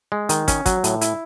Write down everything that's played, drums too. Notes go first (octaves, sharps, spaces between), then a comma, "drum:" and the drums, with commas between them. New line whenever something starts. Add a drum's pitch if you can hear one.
G#3
D#3, drum: hi-hat
C#4, drum: kick, hi-hat
F#3, drum: kick, hi-hat
A2, drum: hi-hat
E4, drum: hi-hat